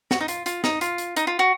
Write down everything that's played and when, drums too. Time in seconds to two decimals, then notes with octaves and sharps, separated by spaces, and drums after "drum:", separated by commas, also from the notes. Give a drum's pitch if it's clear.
0.11 F#4, drum: snare
0.21 D#4
0.28 F4, drum: hi-hat
0.46 F4, drum: hi-hat
0.64 D#4, drum: snare
0.81 F4, drum: hi-hat
0.98 drum: hi-hat
1.16 D#4, drum: hi-hat
1.27 F4
1.39 F#4